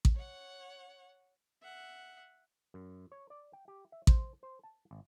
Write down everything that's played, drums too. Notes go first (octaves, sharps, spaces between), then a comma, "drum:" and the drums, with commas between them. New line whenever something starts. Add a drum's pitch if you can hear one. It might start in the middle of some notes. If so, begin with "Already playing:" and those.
drum: kick A1
C#5 F#5
E5 F#5
F#2
C#5
D5
G5
G4
E5
C5, drum: kick A1
C5
A5
G#1